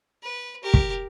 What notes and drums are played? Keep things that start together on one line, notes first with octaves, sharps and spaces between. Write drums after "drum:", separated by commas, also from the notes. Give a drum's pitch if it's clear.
B4
G4 A#4
drum: kick